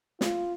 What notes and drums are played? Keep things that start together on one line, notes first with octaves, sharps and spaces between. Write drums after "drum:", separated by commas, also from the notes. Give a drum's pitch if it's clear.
F4, drum: snare